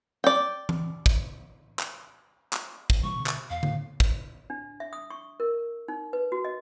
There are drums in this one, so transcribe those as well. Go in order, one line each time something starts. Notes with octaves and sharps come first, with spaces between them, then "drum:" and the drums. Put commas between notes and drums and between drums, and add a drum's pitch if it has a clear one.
D5 G5
drum: tom E3
drum: kick
drum: clap
drum: clap
drum: kick
C3 E3 G3 C#6
B2 D3
drum: clap
E2 F5
A2, drum: tom D3
drum: kick
D4
E5
D#6
C#6
A#4
D#4
B4
F#4
D#5